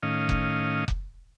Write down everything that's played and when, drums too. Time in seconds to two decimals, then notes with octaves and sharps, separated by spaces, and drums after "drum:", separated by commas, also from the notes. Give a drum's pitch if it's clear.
0.03 A2 D#3 C#4 D#5 F5
0.29 drum: kick F1
0.88 drum: kick F1